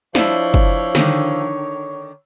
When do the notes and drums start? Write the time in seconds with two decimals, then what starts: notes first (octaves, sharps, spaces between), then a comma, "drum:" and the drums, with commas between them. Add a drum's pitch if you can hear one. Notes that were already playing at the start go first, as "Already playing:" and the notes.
0.15 F3 D4 E4 C#5, drum: snare
0.54 drum: kick
0.95 D3 D#3, drum: snare